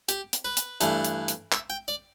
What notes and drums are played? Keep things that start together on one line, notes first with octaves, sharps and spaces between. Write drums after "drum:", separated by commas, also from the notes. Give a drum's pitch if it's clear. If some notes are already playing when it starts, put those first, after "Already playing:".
G4, drum: hi-hat
drum: hi-hat
B4
drum: hi-hat
G2 E3 A3 D4, drum: hi-hat
drum: hi-hat
drum: hi-hat
E5, drum: clap
G5
D5